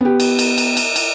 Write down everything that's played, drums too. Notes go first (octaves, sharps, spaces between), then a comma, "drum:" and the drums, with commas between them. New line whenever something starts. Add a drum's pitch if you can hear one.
B3 G4
drum: cymbal
drum: cymbal
drum: cymbal
drum: cymbal
drum: cymbal